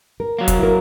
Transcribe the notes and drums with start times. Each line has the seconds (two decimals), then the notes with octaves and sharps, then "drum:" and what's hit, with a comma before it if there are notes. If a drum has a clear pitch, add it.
0.20 A#4
0.39 F#3 A#3
0.48 drum: kick, hi-hat
0.59 E4 A#4